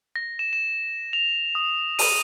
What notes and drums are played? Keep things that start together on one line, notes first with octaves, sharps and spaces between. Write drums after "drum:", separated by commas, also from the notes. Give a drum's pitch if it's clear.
A#6
E7
E7
F7
D#6
D#7, drum: open hi-hat